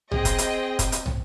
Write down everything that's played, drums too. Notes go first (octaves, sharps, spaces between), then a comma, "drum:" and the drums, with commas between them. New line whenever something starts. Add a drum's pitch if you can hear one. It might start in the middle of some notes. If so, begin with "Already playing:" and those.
C4 G#4 D#5 G5, drum: tom
drum: kick, hi-hat
drum: hi-hat
drum: kick, hi-hat
drum: hi-hat
drum: tom